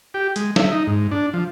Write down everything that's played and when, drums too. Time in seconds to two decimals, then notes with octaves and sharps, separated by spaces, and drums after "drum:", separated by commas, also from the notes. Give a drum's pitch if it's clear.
0.14 G4
0.36 G#3, drum: hi-hat
0.56 E5, drum: snare
0.72 D#4
0.87 G#2
1.11 D4
1.34 F3